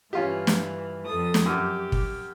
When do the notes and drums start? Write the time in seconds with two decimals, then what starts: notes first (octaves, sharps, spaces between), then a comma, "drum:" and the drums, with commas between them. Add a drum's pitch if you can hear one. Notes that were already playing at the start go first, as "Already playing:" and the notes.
0.13 G2 E3 C#4 F4 G4
0.47 drum: snare
1.05 F2 A4 D#6
1.34 drum: snare
1.46 F#2 G4
1.92 drum: kick